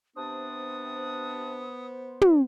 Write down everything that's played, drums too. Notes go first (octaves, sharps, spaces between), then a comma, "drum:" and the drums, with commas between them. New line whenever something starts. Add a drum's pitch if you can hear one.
C3 B3 D4 C5 D#6
drum: tom